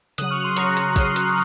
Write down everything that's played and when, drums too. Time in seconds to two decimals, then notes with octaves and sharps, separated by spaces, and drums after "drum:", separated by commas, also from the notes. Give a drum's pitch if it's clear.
0.18 C#3 F#3 D#6 F#6, drum: hi-hat
0.30 C#6 F6
0.44 C6 D#6
0.57 C#3 F#3 A#5 C#6, drum: hi-hat
0.77 drum: hi-hat
0.96 C#3 F#3 C6 D#6, drum: kick, hi-hat
1.16 drum: hi-hat